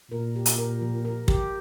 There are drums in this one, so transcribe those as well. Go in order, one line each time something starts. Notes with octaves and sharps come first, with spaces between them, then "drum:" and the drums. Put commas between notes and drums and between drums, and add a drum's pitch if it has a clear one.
A#2 A#4
G4
drum: hi-hat
A#4
F3
A#4
G4, drum: kick